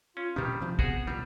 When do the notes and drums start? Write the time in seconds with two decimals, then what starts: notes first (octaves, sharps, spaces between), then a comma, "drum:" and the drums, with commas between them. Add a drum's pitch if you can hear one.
0.17 C#4 F4
0.36 A1 A#2 D#3 G3 C#4 G4
0.60 D2 C3 F3
0.79 B3 F#4 G#4, drum: kick
1.07 C2 A#2 E3 G3